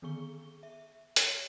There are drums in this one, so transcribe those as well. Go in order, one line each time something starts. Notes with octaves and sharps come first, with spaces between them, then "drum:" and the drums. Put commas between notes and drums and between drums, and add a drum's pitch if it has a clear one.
D3 D#3 B3 G#4 C#6 G7
E5
drum: hi-hat
C#5